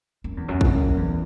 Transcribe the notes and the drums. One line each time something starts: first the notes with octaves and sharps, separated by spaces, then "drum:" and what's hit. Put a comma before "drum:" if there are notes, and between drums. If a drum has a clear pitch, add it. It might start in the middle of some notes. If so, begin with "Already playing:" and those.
F#2
E2
F#2
drum: kick
E2